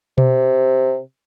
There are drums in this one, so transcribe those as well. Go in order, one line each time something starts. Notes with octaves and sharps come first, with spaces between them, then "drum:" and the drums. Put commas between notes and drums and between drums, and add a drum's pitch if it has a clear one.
C3, drum: tom B2